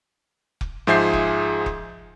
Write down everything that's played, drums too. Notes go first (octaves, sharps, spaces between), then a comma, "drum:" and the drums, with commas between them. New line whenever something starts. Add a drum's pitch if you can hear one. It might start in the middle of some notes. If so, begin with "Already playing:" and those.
drum: kick F1
G#2 F3 G#4 E5 G6 C7
drum: kick F1
drum: kick F1